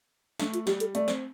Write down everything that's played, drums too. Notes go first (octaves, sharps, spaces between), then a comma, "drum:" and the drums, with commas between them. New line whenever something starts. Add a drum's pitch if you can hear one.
A3 D4, drum: snare
F4, drum: hi-hat
G3 G4, drum: snare
A4, drum: hi-hat
A3 D5, drum: hi-hat
C4, drum: snare